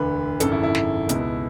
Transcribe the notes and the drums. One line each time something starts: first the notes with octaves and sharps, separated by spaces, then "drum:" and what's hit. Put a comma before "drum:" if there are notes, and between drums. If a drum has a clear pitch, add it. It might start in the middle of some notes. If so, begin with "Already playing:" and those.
Already playing: E1 D2 D3 B4
G#1 F#2 C#3 A4, drum: hi-hat
E4
E4
drum: snare
C#2 B2, drum: hi-hat